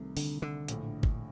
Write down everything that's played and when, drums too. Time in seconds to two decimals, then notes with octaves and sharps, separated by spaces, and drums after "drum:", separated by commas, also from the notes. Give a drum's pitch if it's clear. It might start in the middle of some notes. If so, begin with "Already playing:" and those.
Already playing: C2 C3 D#3 A3
0.17 D3, drum: open hi-hat
0.42 D3
0.68 A#1 A2 A3, drum: hi-hat
1.03 drum: kick G1